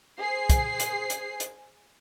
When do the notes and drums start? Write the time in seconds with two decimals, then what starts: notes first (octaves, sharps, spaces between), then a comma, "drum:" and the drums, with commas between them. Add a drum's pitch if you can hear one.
0.19 G#4 C5 C7
0.49 drum: kick, hi-hat
0.80 drum: hi-hat
1.10 drum: hi-hat
1.40 drum: hi-hat